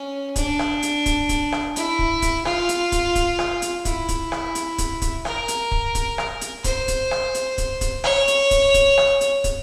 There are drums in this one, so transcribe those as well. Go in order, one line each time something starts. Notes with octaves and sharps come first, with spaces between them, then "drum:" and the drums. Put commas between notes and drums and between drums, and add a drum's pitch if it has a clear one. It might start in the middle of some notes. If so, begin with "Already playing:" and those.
Already playing: C#4
D4, drum: kick, hi-hat
drum: rim click
drum: hi-hat
drum: kick, hi-hat
drum: kick, hi-hat
drum: rim click
E4, drum: hi-hat
drum: kick
drum: kick, hi-hat
F4, drum: rim click
drum: hi-hat
drum: kick, hi-hat
drum: kick, hi-hat
drum: rim click
drum: hi-hat
E4, drum: kick, hi-hat
drum: kick, hi-hat
drum: rim click
drum: hi-hat
drum: kick, hi-hat
drum: kick, hi-hat
A#4, drum: rim click
drum: hi-hat
drum: kick
drum: kick, hi-hat
drum: rim click
drum: hi-hat
C5, drum: kick, hi-hat
drum: kick, hi-hat
drum: rim click
drum: hi-hat
drum: kick, hi-hat
drum: kick, hi-hat
C#5, drum: rim click
drum: hi-hat
drum: kick, hi-hat
drum: kick, hi-hat
drum: rim click
drum: hi-hat
drum: kick, hi-hat